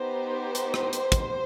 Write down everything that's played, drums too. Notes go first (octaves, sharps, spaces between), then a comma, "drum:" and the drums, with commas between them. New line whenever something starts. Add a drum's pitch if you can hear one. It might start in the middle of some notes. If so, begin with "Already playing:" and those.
Already playing: B3 D#4 G4 C5
drum: hi-hat
drum: rim click
drum: hi-hat
drum: kick, hi-hat